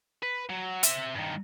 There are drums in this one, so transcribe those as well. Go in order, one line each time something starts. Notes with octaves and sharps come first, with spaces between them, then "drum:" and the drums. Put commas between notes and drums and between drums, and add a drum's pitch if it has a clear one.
B4
F#3
C4 E5, drum: hi-hat
G2 D#3